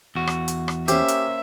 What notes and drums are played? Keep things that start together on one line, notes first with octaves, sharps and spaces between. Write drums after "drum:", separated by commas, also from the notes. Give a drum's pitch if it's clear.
E2 F#4
drum: rim click
drum: hi-hat
drum: rim click
A#3 C#4 G4 C5 E5, drum: hi-hat
drum: hi-hat